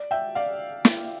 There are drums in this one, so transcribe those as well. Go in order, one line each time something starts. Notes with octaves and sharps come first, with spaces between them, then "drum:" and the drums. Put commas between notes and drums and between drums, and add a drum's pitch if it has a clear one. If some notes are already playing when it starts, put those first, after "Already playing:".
Already playing: D5
E5 G5
D5 F5
drum: snare